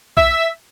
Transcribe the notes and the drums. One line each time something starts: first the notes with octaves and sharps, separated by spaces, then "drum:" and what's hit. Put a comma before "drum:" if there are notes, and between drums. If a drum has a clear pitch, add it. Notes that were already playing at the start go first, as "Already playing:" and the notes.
E5, drum: kick B1